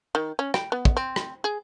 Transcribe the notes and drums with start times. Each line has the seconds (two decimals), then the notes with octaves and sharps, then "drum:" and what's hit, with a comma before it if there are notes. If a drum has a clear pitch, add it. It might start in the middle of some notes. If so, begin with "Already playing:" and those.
0.15 D#3
0.39 C#4
0.54 G5, drum: rim click
0.72 B3
0.85 drum: kick
0.97 C4
1.16 drum: rim click
1.44 G#4